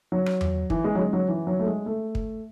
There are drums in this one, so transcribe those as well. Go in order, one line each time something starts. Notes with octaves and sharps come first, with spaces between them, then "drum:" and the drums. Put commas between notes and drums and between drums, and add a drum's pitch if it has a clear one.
F#3
drum: rim click
drum: tom E2
E3, drum: kick
G#3
F#3
G#3
F#3
E3
F#3
A3
G#3
A3
drum: kick